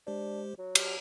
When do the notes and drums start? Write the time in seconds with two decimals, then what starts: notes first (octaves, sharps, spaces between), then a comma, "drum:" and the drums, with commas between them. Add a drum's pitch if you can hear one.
0.07 G#3 D4 G4 C5
0.59 F#3
0.75 G4 F6, drum: cymbal